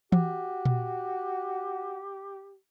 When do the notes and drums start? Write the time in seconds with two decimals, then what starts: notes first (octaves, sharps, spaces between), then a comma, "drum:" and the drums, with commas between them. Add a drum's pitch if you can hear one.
0.12 F#4 G4, drum: tom E3
0.65 drum: tom A#2